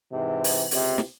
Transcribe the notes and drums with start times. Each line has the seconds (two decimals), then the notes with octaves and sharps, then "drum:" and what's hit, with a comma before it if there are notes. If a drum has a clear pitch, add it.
0.13 G#2 C3 E3
0.44 drum: open hi-hat
0.71 C#2 C3, drum: open hi-hat
0.98 drum: snare